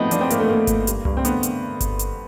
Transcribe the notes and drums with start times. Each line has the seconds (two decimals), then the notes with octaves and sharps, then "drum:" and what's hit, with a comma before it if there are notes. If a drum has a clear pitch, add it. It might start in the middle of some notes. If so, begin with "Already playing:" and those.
Already playing: A2 F3 B3 C4 D#4
0.11 F3 D4, drum: hi-hat
0.21 C4
0.30 A2 A#3, drum: hi-hat
0.40 A3
0.49 A2 A#3
0.67 A2, drum: kick G1, hi-hat
0.87 G2, drum: hi-hat
1.05 G2, drum: tom C2
1.17 C4
1.25 D3 B3, drum: hi-hat
1.43 drum: hi-hat
1.80 drum: kick G1, hi-hat
1.99 drum: hi-hat